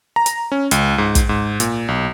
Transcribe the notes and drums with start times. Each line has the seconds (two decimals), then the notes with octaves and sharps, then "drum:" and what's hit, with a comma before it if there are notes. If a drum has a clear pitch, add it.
0.16 A#5
0.26 drum: hi-hat
0.52 C#4
0.71 C#2, drum: hi-hat
0.98 G#2
1.15 drum: kick, hi-hat
1.29 G#2
1.60 A#2, drum: hi-hat
1.88 B1